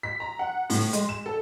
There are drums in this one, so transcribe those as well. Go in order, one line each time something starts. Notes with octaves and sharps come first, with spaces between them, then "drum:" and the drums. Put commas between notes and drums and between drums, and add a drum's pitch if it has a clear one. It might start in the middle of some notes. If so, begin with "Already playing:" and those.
B6
A#5
F#5
A2, drum: open hi-hat
G#3, drum: hi-hat
E7
A4